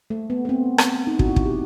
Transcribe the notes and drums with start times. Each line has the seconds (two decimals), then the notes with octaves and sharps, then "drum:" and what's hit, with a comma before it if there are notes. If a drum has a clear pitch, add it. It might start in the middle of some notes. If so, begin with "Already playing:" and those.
0.10 A3
0.30 B3
0.45 B3
0.49 C4
0.78 drum: rim click
1.07 D#4
1.19 F#4, drum: kick
1.27 E4
1.36 drum: kick
1.45 G4